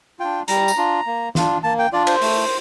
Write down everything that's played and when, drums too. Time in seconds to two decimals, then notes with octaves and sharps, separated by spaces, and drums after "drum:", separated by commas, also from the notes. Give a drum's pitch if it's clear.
0.19 D4 F4 G5
0.48 G3 A#5, drum: hi-hat
0.68 drum: tambourine
0.77 D4 F4
1.06 A#3
1.35 D4 F4, drum: snare
1.63 A#3 A5
1.79 G5
1.93 D4 F4 D5
2.07 C5, drum: cymbal
2.22 A3, drum: open hi-hat